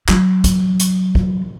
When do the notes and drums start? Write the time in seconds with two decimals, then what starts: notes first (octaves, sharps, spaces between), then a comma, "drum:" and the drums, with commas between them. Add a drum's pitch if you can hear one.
0.09 F#3, drum: clap
0.44 drum: kick, hi-hat
0.80 drum: hi-hat
1.15 drum: kick